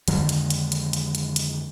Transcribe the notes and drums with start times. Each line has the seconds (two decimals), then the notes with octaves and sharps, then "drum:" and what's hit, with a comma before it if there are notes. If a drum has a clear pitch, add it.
0.08 F2 D3 D#3 G#3, drum: hi-hat
0.29 drum: hi-hat
0.50 drum: hi-hat
0.72 drum: hi-hat
0.93 drum: hi-hat
1.15 drum: hi-hat
1.36 drum: hi-hat